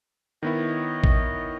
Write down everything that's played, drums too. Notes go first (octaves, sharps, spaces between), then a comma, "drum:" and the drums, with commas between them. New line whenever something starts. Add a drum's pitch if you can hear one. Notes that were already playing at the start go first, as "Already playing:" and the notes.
D#3 B3 E4 C#5 D#5
drum: kick A1